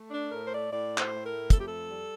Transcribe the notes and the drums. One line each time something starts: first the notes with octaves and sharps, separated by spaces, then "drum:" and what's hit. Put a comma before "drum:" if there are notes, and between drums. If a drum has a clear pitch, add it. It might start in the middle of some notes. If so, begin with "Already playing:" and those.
Already playing: A3
D4
A2 A#4
C5
D5
A2 D5
C5, drum: clap
A3
A#4
F2 A4, drum: kick, hi-hat
G4
A4
G3